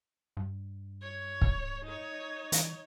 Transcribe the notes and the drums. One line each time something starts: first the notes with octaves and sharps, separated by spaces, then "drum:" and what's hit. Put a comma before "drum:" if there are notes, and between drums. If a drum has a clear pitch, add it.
G2
C#5
drum: kick
D#4 C#5
E3, drum: hi-hat